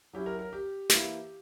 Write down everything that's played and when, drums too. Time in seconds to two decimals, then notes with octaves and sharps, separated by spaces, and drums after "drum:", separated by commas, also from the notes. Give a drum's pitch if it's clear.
0.13 F#3 C#4 E4 G4
0.26 A#4
0.39 A#4
0.53 G4
0.90 E3 A#3 E4, drum: snare